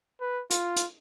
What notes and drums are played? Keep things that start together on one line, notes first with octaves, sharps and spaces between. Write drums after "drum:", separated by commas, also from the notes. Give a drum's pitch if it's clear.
B4
F4, drum: hi-hat
drum: hi-hat